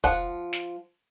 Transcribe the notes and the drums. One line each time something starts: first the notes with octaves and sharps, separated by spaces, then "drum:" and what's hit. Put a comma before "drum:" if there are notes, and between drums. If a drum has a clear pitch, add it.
F3 F#5, drum: kick
drum: snare